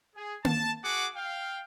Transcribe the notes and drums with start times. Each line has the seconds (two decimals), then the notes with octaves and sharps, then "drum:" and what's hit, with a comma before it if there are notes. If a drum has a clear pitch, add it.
0.16 G#4
0.45 A5, drum: tom A#3
0.84 F#4 G#4 F#5 D6
1.16 F5 G5